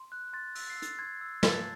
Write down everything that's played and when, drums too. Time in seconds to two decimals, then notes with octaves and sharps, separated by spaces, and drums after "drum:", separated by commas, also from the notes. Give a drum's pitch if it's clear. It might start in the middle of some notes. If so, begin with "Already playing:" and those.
Already playing: C6
0.12 F#6
0.33 C6 A6
0.55 E6 A6, drum: open hi-hat
0.70 C7
0.77 E6
0.82 A6, drum: hi-hat
0.99 C6 G#6
1.21 E6
1.43 A5 A6, drum: snare